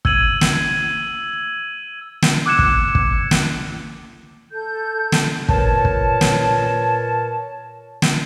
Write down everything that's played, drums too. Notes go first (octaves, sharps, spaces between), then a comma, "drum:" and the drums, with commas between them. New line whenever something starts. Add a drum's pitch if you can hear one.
E6 G#6 D#7 F#7, drum: kick
drum: snare
drum: snare
D6 E6 F#6 G#6 C#7 E7
drum: kick
drum: kick
drum: snare
A4 G6
drum: snare
A#2 A#4 B4 C#5 A5, drum: kick
drum: kick
drum: snare
drum: snare